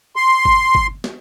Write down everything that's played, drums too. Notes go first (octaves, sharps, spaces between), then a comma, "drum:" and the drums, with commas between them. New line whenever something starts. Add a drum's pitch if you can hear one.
C6
drum: kick G1
drum: kick G1
drum: snare